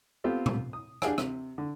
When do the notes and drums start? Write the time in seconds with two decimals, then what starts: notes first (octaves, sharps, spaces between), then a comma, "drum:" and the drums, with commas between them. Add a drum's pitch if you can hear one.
0.24 B3 C4 F4 G4 A4
0.46 drum: tom A#2
0.73 D#6
1.02 D4 G4 G#4 F5 F#5 G#5, drum: rim click
1.18 C3, drum: rim click
1.58 D3